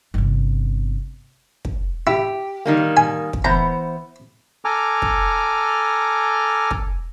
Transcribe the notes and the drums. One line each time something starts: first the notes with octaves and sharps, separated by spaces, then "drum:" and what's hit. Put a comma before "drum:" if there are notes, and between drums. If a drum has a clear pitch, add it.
G1 C3
drum: kick
E4 G4
D#3 G3 A#3
G#5
drum: kick
E3 B3 C5 A#5
A4 G#5 A#5 D6 F6
drum: kick
drum: kick